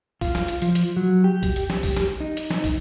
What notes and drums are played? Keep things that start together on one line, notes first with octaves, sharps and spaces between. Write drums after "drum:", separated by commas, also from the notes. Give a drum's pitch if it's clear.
F4, drum: kick, open hi-hat
drum: snare
drum: hi-hat
F3, drum: hi-hat
drum: hi-hat
F#3
G4
drum: kick, hi-hat
drum: hi-hat
drum: snare
drum: kick, open hi-hat
drum: snare
D#4
drum: hi-hat
drum: snare
drum: kick, open hi-hat